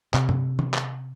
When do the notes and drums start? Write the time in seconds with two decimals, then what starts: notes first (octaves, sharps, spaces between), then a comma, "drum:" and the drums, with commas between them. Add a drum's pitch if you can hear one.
0.14 C3, drum: clap
0.29 drum: tom G2
0.59 drum: tom D#3
0.74 drum: clap